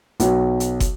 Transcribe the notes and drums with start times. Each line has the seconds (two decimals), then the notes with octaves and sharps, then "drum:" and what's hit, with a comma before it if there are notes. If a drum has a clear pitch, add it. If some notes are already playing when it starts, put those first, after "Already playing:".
0.20 B1, drum: hi-hat
0.60 drum: hi-hat
0.80 drum: kick, hi-hat